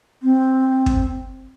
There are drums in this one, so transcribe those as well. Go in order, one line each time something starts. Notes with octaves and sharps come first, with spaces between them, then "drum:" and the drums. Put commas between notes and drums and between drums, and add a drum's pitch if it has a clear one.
C4
drum: kick